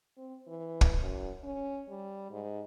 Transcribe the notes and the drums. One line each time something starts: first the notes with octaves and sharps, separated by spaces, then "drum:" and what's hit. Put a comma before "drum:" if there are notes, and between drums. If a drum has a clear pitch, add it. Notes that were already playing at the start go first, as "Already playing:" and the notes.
C4
E3
drum: kick
F#2
C#4
G3
G#2